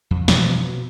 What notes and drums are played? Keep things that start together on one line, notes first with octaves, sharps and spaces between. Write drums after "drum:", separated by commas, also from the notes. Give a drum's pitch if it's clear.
F2
B2 E3 F3, drum: snare
B2